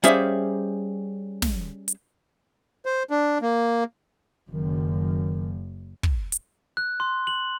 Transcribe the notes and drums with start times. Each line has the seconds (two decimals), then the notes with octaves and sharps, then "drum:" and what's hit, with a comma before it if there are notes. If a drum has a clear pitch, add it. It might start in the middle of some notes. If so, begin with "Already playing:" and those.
0.04 G3 C#4 G#4 C5 E5 F5, drum: hi-hat
1.42 drum: snare
1.88 drum: hi-hat
2.86 C5
3.10 D4
3.42 A#3
4.51 F#1 F#2 D#3
6.03 drum: kick
6.32 drum: hi-hat
6.77 F#6
7.00 C6
7.27 F#7